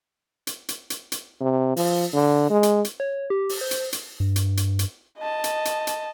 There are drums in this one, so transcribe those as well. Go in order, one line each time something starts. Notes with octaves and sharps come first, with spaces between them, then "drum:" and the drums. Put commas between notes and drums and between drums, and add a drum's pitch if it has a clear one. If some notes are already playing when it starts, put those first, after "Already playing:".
drum: hi-hat
drum: hi-hat
drum: hi-hat
drum: hi-hat
C3
F3, drum: open hi-hat
D3
G#3
drum: hi-hat
drum: hi-hat
C#5
G4
drum: open hi-hat
C5
drum: hi-hat
drum: hi-hat
G2
drum: hi-hat
drum: hi-hat
drum: hi-hat
D#5 A5
drum: hi-hat
drum: hi-hat
drum: hi-hat